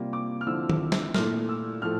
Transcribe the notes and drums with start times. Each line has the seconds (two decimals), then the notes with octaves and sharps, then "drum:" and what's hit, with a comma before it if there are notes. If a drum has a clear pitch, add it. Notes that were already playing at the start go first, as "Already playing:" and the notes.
Already playing: C3 G3 A#3 F4
0.13 D6
0.41 F6
0.47 D3 F3 C4 E4 E6
0.70 drum: tom D#3
0.92 drum: snare
1.14 A#2 A3 E4 F6, drum: snare
1.49 E6
1.81 A2 F3 A3 F6